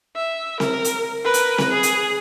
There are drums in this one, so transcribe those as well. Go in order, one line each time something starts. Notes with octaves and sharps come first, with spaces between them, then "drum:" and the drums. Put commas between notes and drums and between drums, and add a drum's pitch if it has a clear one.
E5
A#4, drum: snare C4
drum: hi-hat
A#4 B4
drum: hi-hat
drum: snare C4
G#4
drum: hi-hat